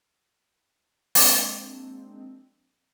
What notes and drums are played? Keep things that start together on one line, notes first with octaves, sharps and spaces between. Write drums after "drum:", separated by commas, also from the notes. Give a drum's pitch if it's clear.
F3 G#3 A#3 C4 D4, drum: open hi-hat